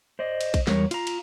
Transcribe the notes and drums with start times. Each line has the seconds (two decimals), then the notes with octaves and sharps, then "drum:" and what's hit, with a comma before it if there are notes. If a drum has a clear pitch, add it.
0.19 C5 D5 D#5
0.41 drum: cymbal
0.54 drum: kick A#1, cymbal
0.67 E2 G3 A#4 C#5, drum: snare
0.91 F4 A#5, drum: cymbal
1.07 drum: cymbal